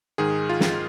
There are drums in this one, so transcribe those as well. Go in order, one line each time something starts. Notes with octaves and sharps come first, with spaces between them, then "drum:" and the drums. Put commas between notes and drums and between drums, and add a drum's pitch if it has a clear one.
G#2 D#3 G#4
F4
drum: snare